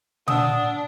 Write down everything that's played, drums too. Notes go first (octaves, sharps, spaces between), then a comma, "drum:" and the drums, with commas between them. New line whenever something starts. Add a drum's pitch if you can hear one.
D4 F#5 A5 D#6 E6, drum: tom A#2